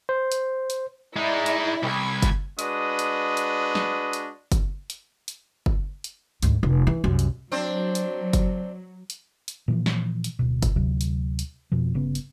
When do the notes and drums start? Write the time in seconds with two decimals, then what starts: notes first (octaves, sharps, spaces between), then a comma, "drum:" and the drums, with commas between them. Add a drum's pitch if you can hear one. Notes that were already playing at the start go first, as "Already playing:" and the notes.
0.09 C5
0.32 drum: hi-hat
0.70 drum: hi-hat
1.16 G#3 D#4 E4 D5
1.46 drum: hi-hat
1.83 C2 B5 G#6
2.22 drum: kick F#1, hi-hat
2.59 G#3 D4 F#4 B4 D#5 D#6, drum: hi-hat
2.99 drum: hi-hat
3.37 drum: hi-hat
3.75 drum: snare
4.13 drum: hi-hat
4.52 drum: kick F#1, hi-hat
4.90 drum: hi-hat
5.28 drum: hi-hat
5.66 drum: kick F#1
6.04 drum: hi-hat
6.42 D2 G#2, drum: hi-hat
6.63 F1
6.87 E3
7.04 C2 F#2
7.19 drum: hi-hat
7.52 F#3 C4 D4 C5
7.95 drum: hi-hat
8.33 drum: kick F#1, hi-hat
9.10 drum: hi-hat
9.48 drum: hi-hat
9.68 A#2 E3 F3
9.86 drum: snare
10.24 drum: hi-hat
10.39 D1 B2
10.62 drum: kick F#1, hi-hat
10.76 D2 C3 F#3
11.01 drum: hi-hat
11.39 drum: hi-hat
11.72 F2 B2 F3
11.94 G1 C#3 B3
12.15 drum: hi-hat